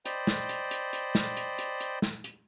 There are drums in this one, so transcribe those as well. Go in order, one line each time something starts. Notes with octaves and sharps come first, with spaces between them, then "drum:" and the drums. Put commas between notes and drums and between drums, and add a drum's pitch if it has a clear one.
C5 D5 D#5 G5 B5, drum: hi-hat
drum: snare
drum: hi-hat
drum: hi-hat
drum: hi-hat
drum: snare
drum: hi-hat
drum: hi-hat
drum: hi-hat
drum: snare
drum: hi-hat